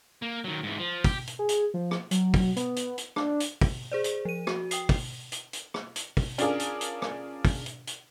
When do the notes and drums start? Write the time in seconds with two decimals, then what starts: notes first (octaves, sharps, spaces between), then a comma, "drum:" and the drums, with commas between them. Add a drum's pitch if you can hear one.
0.22 A#3
0.44 D#3 F#3
0.63 G#2 E3
0.79 F3
1.04 G4, drum: kick, open hi-hat
1.27 drum: hi-hat
1.39 G#4
1.49 drum: hi-hat
1.74 F3
1.91 drum: rim click
2.11 F#3, drum: hi-hat
2.34 drum: kick, open hi-hat
2.56 B3, drum: hi-hat
2.76 drum: hi-hat
2.98 drum: hi-hat
3.16 D4, drum: rim click
3.40 drum: hi-hat
3.61 drum: kick, open hi-hat
3.92 G#4 C5 D5
4.04 drum: hi-hat
4.25 F3 D#7
4.47 F#4, drum: rim click
4.71 G5 D#6 C7, drum: hi-hat
4.89 drum: kick, open hi-hat
5.32 drum: hi-hat
5.53 drum: hi-hat
5.74 drum: rim click
5.96 drum: hi-hat
6.17 drum: kick, open hi-hat
6.38 C#4 D4 F4 G#4 A#4, drum: hi-hat
6.59 drum: hi-hat
6.81 drum: hi-hat
7.02 drum: rim click
7.45 drum: kick, open hi-hat
7.66 drum: hi-hat
7.87 drum: hi-hat